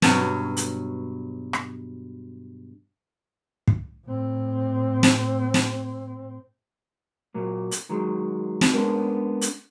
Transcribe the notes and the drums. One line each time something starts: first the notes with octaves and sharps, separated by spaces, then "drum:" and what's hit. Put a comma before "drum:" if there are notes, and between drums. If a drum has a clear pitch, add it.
G2 B2 F#3 C#4, drum: snare
drum: hi-hat
drum: rim click
drum: kick
A2 C4
drum: snare
drum: snare
A#2 F#3 A#3
drum: hi-hat
D#3 F#3 G#3
drum: snare
G#3 B3 C#4 D4 A#4
drum: hi-hat